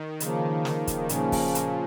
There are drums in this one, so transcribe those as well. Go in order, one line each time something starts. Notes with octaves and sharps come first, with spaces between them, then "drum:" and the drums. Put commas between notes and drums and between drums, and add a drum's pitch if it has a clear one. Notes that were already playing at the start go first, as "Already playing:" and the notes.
Already playing: D#3
C#3 F3 A#3, drum: hi-hat
drum: snare
drum: kick, hi-hat
A#2 C#3 F3 C#4, drum: hi-hat
drum: kick, open hi-hat
A#2, drum: hi-hat